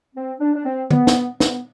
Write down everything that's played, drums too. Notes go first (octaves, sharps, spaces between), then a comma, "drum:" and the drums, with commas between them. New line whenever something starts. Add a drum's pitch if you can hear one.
C4
D4
D4
C4
B3, drum: tom D3
drum: snare
B3, drum: snare